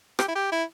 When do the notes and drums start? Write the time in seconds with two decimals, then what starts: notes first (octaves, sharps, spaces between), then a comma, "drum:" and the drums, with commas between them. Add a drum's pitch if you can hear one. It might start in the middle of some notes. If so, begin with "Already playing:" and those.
0.19 G4, drum: rim click
0.28 E4
0.36 G4
0.52 E4